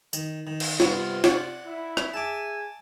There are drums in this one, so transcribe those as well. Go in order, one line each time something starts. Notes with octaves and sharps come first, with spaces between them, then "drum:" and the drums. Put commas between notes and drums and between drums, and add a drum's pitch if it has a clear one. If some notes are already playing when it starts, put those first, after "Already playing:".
D#3, drum: tambourine
D#3
drum: cymbal
G2 C3 B3 F4, drum: snare
D5 F#5 G#5, drum: snare
E4
drum: rim click
G#4 E5 G#5 A5 D6